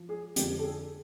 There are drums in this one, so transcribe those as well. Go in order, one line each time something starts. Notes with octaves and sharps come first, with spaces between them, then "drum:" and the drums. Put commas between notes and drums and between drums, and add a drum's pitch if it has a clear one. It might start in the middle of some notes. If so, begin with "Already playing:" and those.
Already playing: F3
G#4
F2 D3 F3 G4, drum: hi-hat
A4
G#4